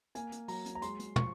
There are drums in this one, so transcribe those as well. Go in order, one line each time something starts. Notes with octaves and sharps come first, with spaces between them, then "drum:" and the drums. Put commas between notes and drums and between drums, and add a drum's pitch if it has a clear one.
A#3 G#5, drum: hi-hat
drum: hi-hat
F#3 A#5, drum: open hi-hat
drum: hi-hat
A#5
G#3 C6, drum: hi-hat
drum: hi-hat
F3 C#6, drum: tom